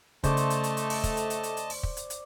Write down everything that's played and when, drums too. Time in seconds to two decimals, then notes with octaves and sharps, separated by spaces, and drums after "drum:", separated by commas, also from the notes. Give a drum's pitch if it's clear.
0.24 C#3 A3 C5 D5 D#5 A5 C#6, drum: kick, hi-hat
0.37 drum: hi-hat
0.50 drum: hi-hat
0.64 drum: hi-hat
0.77 drum: hi-hat
0.90 drum: open hi-hat
1.03 drum: kick, hi-hat
1.17 drum: hi-hat
1.30 drum: hi-hat
1.43 drum: hi-hat
1.57 drum: hi-hat
1.70 drum: open hi-hat
1.83 drum: kick
1.97 drum: hi-hat
2.10 drum: hi-hat